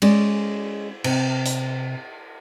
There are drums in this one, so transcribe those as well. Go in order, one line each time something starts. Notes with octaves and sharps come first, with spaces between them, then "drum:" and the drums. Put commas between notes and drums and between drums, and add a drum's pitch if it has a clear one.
G#3 C#4 D5, drum: cymbal
C3, drum: cymbal
drum: hi-hat